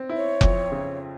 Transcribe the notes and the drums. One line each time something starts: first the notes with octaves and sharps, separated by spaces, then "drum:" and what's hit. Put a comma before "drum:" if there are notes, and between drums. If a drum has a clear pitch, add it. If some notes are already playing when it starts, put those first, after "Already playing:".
Already playing: C4
E4
C#5
F2, drum: kick F1
C#3